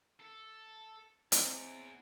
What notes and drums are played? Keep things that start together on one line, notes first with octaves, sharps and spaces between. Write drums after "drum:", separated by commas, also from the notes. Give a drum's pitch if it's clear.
A4
E2 C4 C#5 D#5, drum: hi-hat